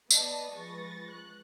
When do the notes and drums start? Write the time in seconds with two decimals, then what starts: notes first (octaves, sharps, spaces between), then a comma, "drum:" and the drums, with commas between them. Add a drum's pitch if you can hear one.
0.10 B3 D5 D#5 A5, drum: tambourine
0.53 F3 G#3 B4 C#6 A6 A#6
1.10 F#6